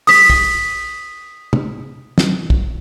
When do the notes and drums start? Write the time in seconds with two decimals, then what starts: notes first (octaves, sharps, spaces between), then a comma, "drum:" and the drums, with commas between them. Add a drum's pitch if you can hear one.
0.07 D#6 B6, drum: open hi-hat
0.30 drum: kick
1.53 drum: tom
2.18 drum: snare
2.50 drum: kick